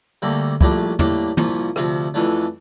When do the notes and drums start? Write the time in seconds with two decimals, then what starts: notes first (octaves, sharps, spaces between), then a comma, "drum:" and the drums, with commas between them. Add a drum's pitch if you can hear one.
0.22 D2 D3 G3 A#3
0.61 A#1 A2 G3 D4, drum: kick
0.99 A2 G3 A#3 D4, drum: tom
1.37 C2 A#2 F3, drum: tom
1.76 D2 C3 F3, drum: rim click
2.14 F2 E3 A3 D4